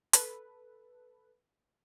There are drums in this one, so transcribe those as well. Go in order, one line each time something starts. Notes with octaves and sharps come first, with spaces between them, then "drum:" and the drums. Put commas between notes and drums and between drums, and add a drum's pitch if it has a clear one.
A4 B4, drum: hi-hat